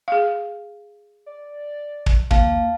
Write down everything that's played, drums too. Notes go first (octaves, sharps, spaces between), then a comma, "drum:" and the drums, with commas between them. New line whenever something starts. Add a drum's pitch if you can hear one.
G#4 F5
D5
drum: kick
D#2 A#3 F5 A5, drum: kick